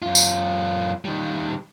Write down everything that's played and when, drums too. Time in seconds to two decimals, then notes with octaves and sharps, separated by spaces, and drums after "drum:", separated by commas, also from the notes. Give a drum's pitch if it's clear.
0.02 F#2 F4
0.15 drum: tambourine
1.05 D#3 G3